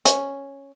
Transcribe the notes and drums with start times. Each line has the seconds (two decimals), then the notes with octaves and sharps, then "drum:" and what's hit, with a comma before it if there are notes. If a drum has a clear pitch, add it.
0.05 C#4, drum: hi-hat